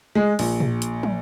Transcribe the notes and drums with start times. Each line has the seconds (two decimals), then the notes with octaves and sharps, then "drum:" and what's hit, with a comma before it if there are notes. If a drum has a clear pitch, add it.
0.15 G#3
0.39 A#1, drum: open hi-hat
0.60 drum: tom
0.82 drum: hi-hat
1.03 drum: tom